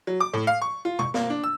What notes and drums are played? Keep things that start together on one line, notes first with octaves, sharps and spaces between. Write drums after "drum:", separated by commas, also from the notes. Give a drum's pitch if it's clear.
F#3
D6
A2
F5
C#6
F4
C#6, drum: tom B2
A#3, drum: snare
D4
E6